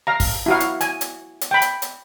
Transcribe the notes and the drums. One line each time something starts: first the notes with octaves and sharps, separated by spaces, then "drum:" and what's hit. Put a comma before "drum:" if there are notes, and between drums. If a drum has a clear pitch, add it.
F5 A#5
drum: kick, open hi-hat
E4 F#4 F5
drum: hi-hat
G#5, drum: hi-hat
drum: hi-hat
drum: hi-hat
G5 B5
drum: hi-hat
drum: hi-hat